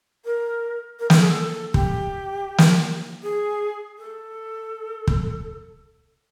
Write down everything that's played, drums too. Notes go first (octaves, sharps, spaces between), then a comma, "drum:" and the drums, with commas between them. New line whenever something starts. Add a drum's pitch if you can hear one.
A#4
A#4
A4, drum: snare
G#4
A4
G4, drum: kick
drum: snare
G#4
A4
drum: kick